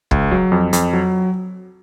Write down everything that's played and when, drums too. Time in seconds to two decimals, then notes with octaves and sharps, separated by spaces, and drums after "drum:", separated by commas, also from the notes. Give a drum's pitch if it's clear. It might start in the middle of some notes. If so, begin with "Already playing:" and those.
0.11 C#2, drum: kick
0.31 F#3
0.52 F2
0.73 F2, drum: hi-hat
0.93 F#3